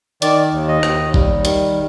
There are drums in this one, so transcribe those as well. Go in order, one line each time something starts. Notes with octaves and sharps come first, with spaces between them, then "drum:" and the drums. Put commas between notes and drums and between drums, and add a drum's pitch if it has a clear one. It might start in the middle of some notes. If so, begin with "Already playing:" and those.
D#3 D5, drum: hi-hat
D#2
D#5
D#2, drum: rim click
G3, drum: kick A1
D#3, drum: hi-hat